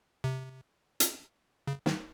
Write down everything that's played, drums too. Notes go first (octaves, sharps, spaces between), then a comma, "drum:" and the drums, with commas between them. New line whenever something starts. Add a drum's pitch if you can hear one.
C3
drum: hi-hat
C#3
D#3, drum: snare